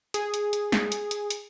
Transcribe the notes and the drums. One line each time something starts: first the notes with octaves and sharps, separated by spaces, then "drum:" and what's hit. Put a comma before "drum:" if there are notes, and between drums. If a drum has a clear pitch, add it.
G#4, drum: hi-hat
drum: hi-hat
drum: hi-hat
drum: snare
drum: hi-hat
drum: hi-hat
drum: hi-hat